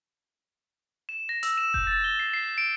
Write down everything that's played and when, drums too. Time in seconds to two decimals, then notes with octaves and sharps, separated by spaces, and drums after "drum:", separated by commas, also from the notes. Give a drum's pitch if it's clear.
1.09 E7
1.29 A#6
1.43 E6, drum: hi-hat
1.57 E7
1.74 G6, drum: kick F1
1.87 A6
2.04 G7
2.19 C7
2.33 C7
2.58 D7